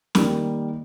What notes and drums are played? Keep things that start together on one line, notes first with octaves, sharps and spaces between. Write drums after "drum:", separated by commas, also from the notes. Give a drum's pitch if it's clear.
D#3 G3 A#3, drum: snare